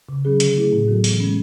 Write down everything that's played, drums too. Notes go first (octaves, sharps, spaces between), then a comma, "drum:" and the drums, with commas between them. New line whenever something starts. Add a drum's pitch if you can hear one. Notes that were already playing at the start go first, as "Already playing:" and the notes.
C#3
F#3 C#4 G#4
D3, drum: hi-hat
A3 E4 G#4
A2
F#3 B3 F#4 A4
E3, drum: open hi-hat
G#3 C#4